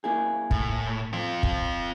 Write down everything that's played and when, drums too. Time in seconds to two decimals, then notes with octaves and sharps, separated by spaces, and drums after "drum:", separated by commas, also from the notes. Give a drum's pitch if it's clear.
0.04 A#3 E4 G#4
0.51 A2, drum: kick
1.13 F2 C4 F4
1.43 drum: kick